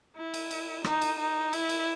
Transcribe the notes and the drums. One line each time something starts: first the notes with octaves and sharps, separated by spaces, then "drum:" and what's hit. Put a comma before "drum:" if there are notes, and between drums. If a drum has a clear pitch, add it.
E4
drum: cymbal
drum: cymbal
D#4, drum: rim click
drum: cymbal
D#4
E4, drum: cymbal
drum: cymbal